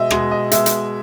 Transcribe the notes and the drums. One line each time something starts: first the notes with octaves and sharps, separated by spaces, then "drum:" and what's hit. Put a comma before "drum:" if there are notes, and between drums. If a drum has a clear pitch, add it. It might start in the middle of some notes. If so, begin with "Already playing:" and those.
Already playing: B2 G#3 D#5 E5
B2 G#3, drum: rim click
D#5
B2 G#3 E5, drum: hi-hat
drum: hi-hat